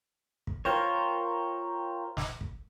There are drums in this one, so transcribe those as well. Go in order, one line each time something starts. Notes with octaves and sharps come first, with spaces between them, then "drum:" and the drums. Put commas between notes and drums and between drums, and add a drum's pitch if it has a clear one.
drum: kick
F4 A#4 C5 C#5 G5 A#5
drum: snare
drum: kick